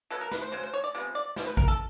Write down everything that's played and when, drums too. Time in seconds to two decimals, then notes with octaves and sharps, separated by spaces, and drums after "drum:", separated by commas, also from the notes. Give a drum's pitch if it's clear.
0.10 B2 F#3 B3 A4
0.21 A#4
0.32 B4, drum: snare
0.42 C5
0.52 C#3 F#3 C5
0.63 C5
0.74 C#5
0.84 D5
0.95 C3 F3 G#3 B3
1.15 D5
1.36 B2 G3 B3 C5, drum: snare
1.46 B4
1.57 A#4, drum: kick G#1
1.68 A4